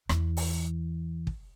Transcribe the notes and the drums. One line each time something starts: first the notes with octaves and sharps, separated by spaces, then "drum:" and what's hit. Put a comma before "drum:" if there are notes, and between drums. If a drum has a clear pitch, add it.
E2 E3, drum: rim click
drum: open hi-hat
drum: kick